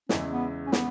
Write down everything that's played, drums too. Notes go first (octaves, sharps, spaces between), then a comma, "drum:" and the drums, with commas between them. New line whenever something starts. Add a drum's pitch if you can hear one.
E2 C#3 G#3 C#4 E4, drum: snare
B3
C#4
B3, drum: snare